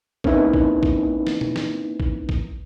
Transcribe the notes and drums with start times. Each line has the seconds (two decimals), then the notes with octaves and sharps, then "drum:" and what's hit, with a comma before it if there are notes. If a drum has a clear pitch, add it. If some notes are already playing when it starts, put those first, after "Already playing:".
0.24 A#3 C4 C#4 D#4 E4 B4, drum: kick A1
0.54 drum: kick A1
0.83 drum: kick A1
1.27 drum: snare
1.41 drum: tom A#2
1.56 drum: snare
2.00 drum: kick A1
2.29 drum: kick A1